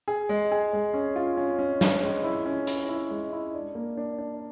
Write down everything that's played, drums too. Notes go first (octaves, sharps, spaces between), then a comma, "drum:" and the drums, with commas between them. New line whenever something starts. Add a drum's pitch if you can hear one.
G#4
G#3
G#4
G#3
C#4
F4
C#4
C#4
C#4, drum: snare
G#3
E4
C#4
E4, drum: hi-hat
E4
G#3
E4
D4
A#3
D4
D4